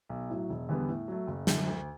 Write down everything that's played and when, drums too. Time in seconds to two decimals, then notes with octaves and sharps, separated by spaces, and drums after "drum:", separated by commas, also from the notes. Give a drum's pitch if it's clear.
0.09 B1
0.30 A2 F#3
0.49 E1
0.69 E2 D3 G3 B3
0.88 A2
1.08 F#3 A3
1.27 F#1
1.47 F#2 D3, drum: snare
1.66 D2